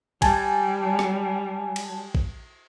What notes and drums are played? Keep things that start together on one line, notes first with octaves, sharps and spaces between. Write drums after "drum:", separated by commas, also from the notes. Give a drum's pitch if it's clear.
G3 G#5 A5, drum: kick, cymbal
drum: rim click
drum: cymbal
drum: kick